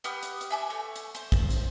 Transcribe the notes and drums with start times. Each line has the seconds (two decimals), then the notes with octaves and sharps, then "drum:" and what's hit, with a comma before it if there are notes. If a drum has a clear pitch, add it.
0.04 B3 G4 F6, drum: hi-hat
0.23 drum: hi-hat
0.41 drum: hi-hat
0.50 E5 G#5 D6
0.70 A3 C#5
0.96 drum: hi-hat
1.15 C5, drum: hi-hat
1.32 drum: kick, hi-hat
1.50 drum: hi-hat